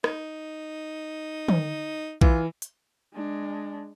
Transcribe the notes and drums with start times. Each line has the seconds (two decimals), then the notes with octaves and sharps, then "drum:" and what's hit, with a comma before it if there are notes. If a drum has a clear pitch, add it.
0.04 D#4, drum: rim click
1.48 drum: tom
2.21 E3 F4, drum: kick A#1
2.62 drum: hi-hat
3.13 G#3 D4